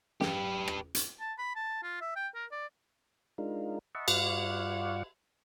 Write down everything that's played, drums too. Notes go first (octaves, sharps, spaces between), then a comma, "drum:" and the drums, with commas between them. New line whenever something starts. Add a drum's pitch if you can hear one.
G4 B4, drum: snare
drum: rim click
drum: hi-hat
A5
B5
A5
F4
E5
G5
A#4
D5
G#3 D4 D#4 F4 A#4
D#5 E5 F#5 A5 B5 C#6
G2 F4 D5 F5 F#5 C#6, drum: cymbal